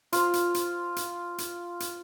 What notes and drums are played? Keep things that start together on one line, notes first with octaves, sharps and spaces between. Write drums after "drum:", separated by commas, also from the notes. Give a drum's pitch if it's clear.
F4 C5, drum: hi-hat
drum: hi-hat
drum: hi-hat
drum: hi-hat
drum: hi-hat
drum: hi-hat